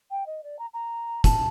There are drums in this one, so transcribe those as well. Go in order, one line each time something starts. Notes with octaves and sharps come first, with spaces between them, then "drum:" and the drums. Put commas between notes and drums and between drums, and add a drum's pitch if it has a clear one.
G5
D#5
D5
A#5
A#5
A5, drum: kick, hi-hat